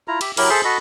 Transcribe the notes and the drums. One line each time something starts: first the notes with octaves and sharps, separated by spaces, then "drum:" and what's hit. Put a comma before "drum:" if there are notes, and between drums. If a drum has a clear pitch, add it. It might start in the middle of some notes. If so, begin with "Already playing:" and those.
E4 F4 A#5
G4 E5, drum: cymbal
F#3 E4 G4 A#4, drum: cymbal
G#4 A4 C5 E5
F#4 A4 D#5 B5